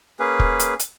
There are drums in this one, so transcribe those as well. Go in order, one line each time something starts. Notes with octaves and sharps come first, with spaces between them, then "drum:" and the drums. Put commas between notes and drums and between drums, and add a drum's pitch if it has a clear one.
A#3 C#4 G#4 B4
drum: kick
drum: hi-hat
drum: hi-hat